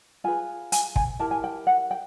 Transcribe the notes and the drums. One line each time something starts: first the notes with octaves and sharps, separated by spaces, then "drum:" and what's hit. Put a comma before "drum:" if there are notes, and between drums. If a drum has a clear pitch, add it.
F4 G#4 B4 G#5
G#5, drum: hi-hat
G#5, drum: kick
E4 G4 A#4 A5
G#5
G5
F#5
G5